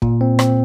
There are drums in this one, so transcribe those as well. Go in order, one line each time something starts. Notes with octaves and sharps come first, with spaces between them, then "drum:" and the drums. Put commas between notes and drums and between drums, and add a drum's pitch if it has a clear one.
A#2, drum: kick
C4
C4, drum: rim click